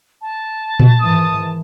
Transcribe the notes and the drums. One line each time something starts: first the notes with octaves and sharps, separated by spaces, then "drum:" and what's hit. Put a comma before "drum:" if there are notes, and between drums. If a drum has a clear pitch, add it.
A5
drum: tom A#2
G#2 D#3 E3 D#6